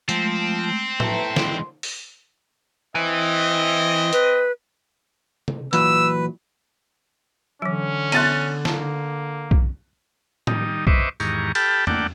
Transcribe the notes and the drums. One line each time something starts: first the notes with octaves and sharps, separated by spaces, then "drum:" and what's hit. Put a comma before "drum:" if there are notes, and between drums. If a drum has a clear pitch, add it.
F3 G#3 A3 C4, drum: hi-hat
E4 A4 B4 E5 A#5, drum: tom A2
E3 G#3 C6, drum: snare
drum: open hi-hat
E3 C4 D#5
B4, drum: hi-hat
drum: tom
A#2 E3 F#3 B4 E6, drum: hi-hat
D3 E3 F#3 C#4
B3 C6 F#6 A6 D#7, drum: cymbal
A#3 A5, drum: snare
drum: kick B1
D#3 G3 D#4, drum: tom A2
B4 C5 D#5 E5 C#6 D6, drum: kick B1
E2 G#2 D#3 G4 A#5 C#6, drum: tambourine
G4 A4 G5 A5 B5 F6, drum: cymbal
A3 A#3 D4 D5 F#5 G5, drum: tom E2